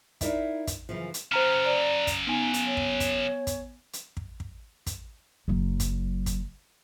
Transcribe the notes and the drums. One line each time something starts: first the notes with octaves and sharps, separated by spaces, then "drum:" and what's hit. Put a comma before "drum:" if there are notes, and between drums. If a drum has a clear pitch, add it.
D#4 E4 A#4 D5 E5 F5, drum: kick, hi-hat
drum: kick, hi-hat
F#2 C#3 E3 F3
drum: hi-hat
C#3 F#3 C5 A#5 F6
D5 A#5
drum: kick, hi-hat
B3 D#4 G#5
drum: hi-hat
C#5
drum: kick
drum: kick, hi-hat
drum: kick, hi-hat
drum: hi-hat
drum: kick
drum: kick
drum: kick, hi-hat
F#1 F#3
drum: kick, hi-hat
drum: kick, hi-hat